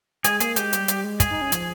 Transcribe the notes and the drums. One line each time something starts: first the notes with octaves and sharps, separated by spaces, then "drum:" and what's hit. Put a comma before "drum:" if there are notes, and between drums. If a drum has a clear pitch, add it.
G#3 G#4, drum: hi-hat
A#3 G#4, drum: hi-hat
G#3 G4, drum: hi-hat
G3, drum: hi-hat
G3, drum: hi-hat
G#3
G#4, drum: kick, hi-hat
D#4
C#4
F3, drum: hi-hat